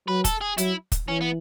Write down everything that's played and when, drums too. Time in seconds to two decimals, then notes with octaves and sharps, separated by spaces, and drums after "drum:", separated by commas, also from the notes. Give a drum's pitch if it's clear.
0.08 F#3 B4
0.25 A4, drum: kick, hi-hat
0.41 G#4
0.58 F#3 E4, drum: hi-hat
0.92 drum: kick, hi-hat
1.08 E3 C#4
1.21 B3